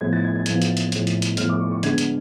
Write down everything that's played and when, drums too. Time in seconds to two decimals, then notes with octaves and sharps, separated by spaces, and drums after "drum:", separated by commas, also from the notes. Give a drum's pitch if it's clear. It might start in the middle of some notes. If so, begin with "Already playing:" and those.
0.01 A2 F3 B3 G#6
0.13 A6
0.24 G#6
0.36 G#6
0.46 A2 F3 B3 G#6, drum: hi-hat
0.62 drum: hi-hat
0.77 drum: hi-hat
0.92 A2 F3 B3, drum: hi-hat
1.07 drum: hi-hat
1.22 drum: hi-hat
1.37 A2 F3 B3 F6, drum: hi-hat
1.49 D6
1.60 C#6
1.71 C#6
1.83 D3 G#3 B3 G#6, drum: hi-hat
1.98 drum: hi-hat